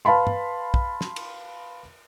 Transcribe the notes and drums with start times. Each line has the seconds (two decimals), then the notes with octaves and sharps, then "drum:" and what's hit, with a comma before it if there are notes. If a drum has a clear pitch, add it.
0.05 B4 F5 A5 B5 C6
0.27 drum: tom G2
0.74 drum: kick
1.01 drum: snare
1.16 drum: cymbal